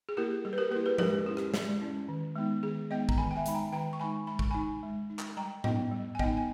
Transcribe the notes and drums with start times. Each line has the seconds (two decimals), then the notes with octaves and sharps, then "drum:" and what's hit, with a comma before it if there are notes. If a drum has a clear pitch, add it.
0.09 G#4
0.17 A#3 E4 G4 A#4
0.45 G3 G#4
0.53 B4
0.58 G4 A#4
0.71 A#3 E4 G4 A#4
0.86 G#4 B4
0.98 G#3 G4 A#4, drum: tom F3
1.26 C#4 E4 G4
1.37 drum: rim click
1.54 G#3, drum: snare
1.81 C#4 E4
2.08 D#3
2.35 G#3 B3 D#4
2.63 D#3 G#4
2.91 G#3 B3 D#4 D#5 G5
3.09 A#5, drum: kick
3.17 D#3 G#5 B5
3.31 G5
3.36 E5 G#5
3.46 G#3 D#4 B5, drum: hi-hat
3.54 G5 A#5
3.72 D#3 G5 A#5
3.93 C#6
4.00 G#3 D#4 G#5 B5
4.27 G#3 B5
4.39 C#6, drum: kick
4.51 D#4 G#5 B5
4.83 G#3
5.10 D#4
5.19 drum: clap
5.37 G3 G5 A#5
5.64 B3 D#4 D#5 G5, drum: tom A2
5.91 G3
6.15 G#5
6.19 B3 D#4 D#5 G5, drum: kick
6.37 G#5